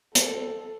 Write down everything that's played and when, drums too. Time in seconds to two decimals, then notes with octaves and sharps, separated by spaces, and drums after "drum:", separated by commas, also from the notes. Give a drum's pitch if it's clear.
0.15 A4, drum: hi-hat